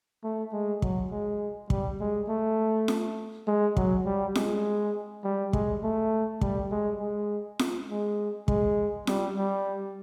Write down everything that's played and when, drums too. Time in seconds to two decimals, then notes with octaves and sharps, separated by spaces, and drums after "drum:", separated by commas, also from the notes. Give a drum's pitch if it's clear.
0.23 A3
0.53 G#3
0.82 F#3, drum: kick
1.12 G#3
1.70 G3, drum: kick
2.00 G#3
2.29 A3
2.88 drum: snare F4
3.47 G#3
3.77 F#3, drum: kick
4.06 G3
4.35 G#3, drum: snare F4
5.24 G3
5.53 G#3, drum: kick
5.83 A3
6.41 G3, drum: kick
6.71 G#3
7.00 G#3
7.59 drum: snare F4
7.89 G#3
8.48 G#3, drum: kick
9.07 G3, drum: snare F4
9.36 G3